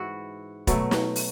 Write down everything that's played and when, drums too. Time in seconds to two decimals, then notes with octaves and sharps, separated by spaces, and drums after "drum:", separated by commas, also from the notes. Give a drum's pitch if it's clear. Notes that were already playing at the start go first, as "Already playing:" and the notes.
Already playing: G#2 E3 E4 F#4
0.67 B2 F#3 A3, drum: kick, hi-hat
0.91 drum: snare
1.16 drum: open hi-hat